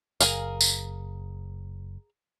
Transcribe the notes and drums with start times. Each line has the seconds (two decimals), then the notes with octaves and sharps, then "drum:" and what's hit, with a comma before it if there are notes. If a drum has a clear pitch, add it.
0.20 F#1 G#4 A#4 F5, drum: tambourine
0.61 drum: tambourine